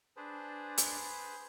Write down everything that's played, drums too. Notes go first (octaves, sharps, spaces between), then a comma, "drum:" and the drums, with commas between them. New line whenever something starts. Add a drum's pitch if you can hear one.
D4 G#4 B4 C5
drum: hi-hat